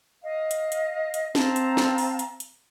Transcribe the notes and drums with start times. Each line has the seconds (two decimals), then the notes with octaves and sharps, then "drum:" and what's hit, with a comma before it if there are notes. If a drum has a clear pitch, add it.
0.22 D#5 F5
0.51 drum: hi-hat
0.72 drum: hi-hat
1.14 drum: hi-hat
1.35 C4 F5 A5 A#5, drum: snare
1.56 drum: hi-hat
1.77 drum: snare
1.98 drum: open hi-hat
2.19 drum: hi-hat
2.40 drum: hi-hat